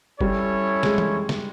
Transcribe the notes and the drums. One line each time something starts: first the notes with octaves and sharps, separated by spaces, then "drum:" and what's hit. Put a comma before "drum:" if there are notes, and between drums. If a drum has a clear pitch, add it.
G3 C#4 E4 A4 C#5, drum: kick F#1
G#3, drum: snare
drum: tom E3
drum: snare